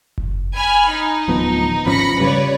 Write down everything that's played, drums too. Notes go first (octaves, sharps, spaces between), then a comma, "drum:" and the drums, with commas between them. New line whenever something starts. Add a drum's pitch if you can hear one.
drum: kick F#1
G#5 B5 F6
D#4
D1 F3 B3
G#1 F3 C#4 B5 A#6 C#7
C#3 G3 B4 C#5 D5